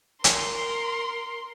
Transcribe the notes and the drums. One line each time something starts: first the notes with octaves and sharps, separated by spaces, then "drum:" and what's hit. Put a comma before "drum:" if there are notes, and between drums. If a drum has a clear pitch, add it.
A#4 C6, drum: hi-hat